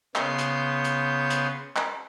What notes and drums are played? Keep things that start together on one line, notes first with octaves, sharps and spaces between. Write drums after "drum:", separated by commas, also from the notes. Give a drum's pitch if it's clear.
C#3 B3 C6 G6, drum: clap
drum: hi-hat
drum: hi-hat
drum: hi-hat
drum: clap